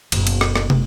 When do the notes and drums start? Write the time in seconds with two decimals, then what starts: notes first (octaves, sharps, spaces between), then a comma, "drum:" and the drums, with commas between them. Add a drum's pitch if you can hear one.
0.12 F#1 B2, drum: cymbal
0.27 drum: cymbal
0.41 drum: rim click
0.56 drum: rim click
0.70 drum: tom